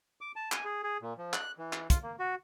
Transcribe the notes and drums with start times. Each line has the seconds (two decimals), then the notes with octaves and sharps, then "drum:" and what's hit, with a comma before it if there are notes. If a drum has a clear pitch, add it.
0.21 D6
0.36 A5
0.52 G#5, drum: clap
0.65 G#4
0.83 G#4
1.02 A#2
1.18 F3
1.33 F#6, drum: clap
1.58 E3
1.73 drum: clap
1.90 F4, drum: kick, hi-hat
2.02 A#3
2.19 F#4